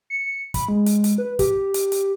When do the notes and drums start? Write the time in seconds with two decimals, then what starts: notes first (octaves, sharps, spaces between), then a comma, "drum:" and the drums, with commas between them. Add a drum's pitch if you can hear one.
0.10 C#7
0.54 B5, drum: kick, hi-hat
0.69 G#3
0.86 drum: hi-hat
1.04 drum: hi-hat
1.18 B4
1.39 G4, drum: kick, hi-hat
1.74 drum: hi-hat
1.92 drum: hi-hat